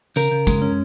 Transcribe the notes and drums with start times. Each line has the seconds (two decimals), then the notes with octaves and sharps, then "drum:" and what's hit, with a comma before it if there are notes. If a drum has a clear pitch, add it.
0.16 C#3 A#4, drum: tambourine
0.31 C#3
0.47 G#3, drum: kick, tambourine
0.62 C#4